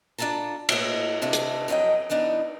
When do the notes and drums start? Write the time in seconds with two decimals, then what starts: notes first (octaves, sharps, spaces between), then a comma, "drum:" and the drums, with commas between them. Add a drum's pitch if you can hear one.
0.18 D4 F4 A4 A5 A#5
0.69 A2 A#3 D#5, drum: cymbal
1.22 C3 D#3 A3 D4
1.33 drum: hi-hat
1.68 F2 F#3 C#4 D#5 G5
2.10 E3 B3 D4 D#4